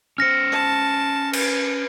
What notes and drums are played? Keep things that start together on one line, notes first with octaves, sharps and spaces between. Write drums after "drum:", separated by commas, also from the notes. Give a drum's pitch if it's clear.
C#4 C5 F6 A#6 C#7
A5
B4, drum: cymbal